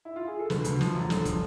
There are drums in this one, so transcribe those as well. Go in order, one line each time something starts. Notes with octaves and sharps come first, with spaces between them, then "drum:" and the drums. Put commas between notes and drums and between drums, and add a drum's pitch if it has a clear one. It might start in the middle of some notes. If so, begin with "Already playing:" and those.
E4
F4
G#4
A4
D2 B4, drum: snare
D2, drum: hi-hat
F3, drum: snare
E1
D3, drum: snare
F3, drum: kick, hi-hat